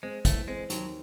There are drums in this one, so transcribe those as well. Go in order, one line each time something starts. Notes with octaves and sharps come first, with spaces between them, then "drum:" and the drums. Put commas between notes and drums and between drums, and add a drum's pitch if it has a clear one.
G#3 C4
E3 A3, drum: kick, hi-hat
G#3 C4
D#2 F#3, drum: hi-hat